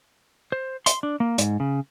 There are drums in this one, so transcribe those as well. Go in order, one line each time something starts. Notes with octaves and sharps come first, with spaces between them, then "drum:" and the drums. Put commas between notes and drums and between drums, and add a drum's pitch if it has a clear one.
C5
C6, drum: hi-hat
D4
A#3
G#2, drum: hi-hat
C#3